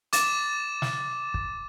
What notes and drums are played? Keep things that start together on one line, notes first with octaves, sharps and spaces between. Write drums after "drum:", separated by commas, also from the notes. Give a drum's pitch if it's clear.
D6 A6 E7, drum: hi-hat
drum: snare
drum: kick